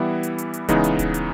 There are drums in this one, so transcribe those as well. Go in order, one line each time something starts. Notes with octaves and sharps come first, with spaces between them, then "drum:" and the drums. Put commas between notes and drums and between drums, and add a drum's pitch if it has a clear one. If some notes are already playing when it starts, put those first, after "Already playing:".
Already playing: E3 G3 B3 E4
drum: hi-hat
drum: hi-hat
drum: hi-hat
C#3 E3 G#3 B3 D#4, drum: kick D#1, hi-hat
drum: hi-hat
drum: kick D#1, hi-hat
drum: hi-hat